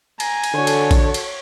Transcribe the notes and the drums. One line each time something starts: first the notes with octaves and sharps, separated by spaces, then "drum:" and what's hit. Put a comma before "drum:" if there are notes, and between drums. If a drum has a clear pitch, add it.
G#5 A#5, drum: cymbal
drum: cymbal
D3 F#4 A4 C#5 C#6
drum: cymbal
drum: kick A#1, cymbal
drum: cymbal